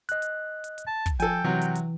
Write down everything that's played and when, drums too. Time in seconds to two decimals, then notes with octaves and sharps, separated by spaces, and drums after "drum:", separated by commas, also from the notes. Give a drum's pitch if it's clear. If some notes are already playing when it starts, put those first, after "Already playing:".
0.09 D#5 F#6, drum: hi-hat
0.22 drum: hi-hat
0.64 drum: hi-hat
0.78 drum: hi-hat
0.87 A5
1.06 drum: kick, hi-hat
1.20 F3 A4 G5 G#5, drum: hi-hat
1.44 C3 E3 F#3
1.61 drum: hi-hat
1.75 drum: hi-hat